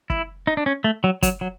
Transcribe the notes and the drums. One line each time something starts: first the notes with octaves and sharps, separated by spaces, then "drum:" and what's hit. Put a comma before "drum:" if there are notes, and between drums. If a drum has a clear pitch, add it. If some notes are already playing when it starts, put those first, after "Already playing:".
E4, drum: kick
D#4
D4
C#4
A3
F#3
F#3, drum: kick, hi-hat
F#3